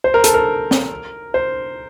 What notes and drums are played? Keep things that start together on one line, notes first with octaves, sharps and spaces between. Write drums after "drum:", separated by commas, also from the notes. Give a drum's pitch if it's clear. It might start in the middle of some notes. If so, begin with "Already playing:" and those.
C5
A#4
A4, drum: hi-hat
A#4
drum: snare
C5